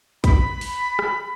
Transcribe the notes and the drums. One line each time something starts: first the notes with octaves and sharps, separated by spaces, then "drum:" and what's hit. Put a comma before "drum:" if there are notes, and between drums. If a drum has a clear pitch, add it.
B5, drum: kick, hi-hat
drum: open hi-hat
drum: rim click